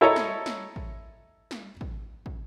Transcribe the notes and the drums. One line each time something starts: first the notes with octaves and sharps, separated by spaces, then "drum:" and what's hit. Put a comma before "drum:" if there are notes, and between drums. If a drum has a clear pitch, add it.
E4 A4 C#5 D#5 A#5
drum: snare
drum: snare
drum: kick
drum: snare
drum: kick
drum: kick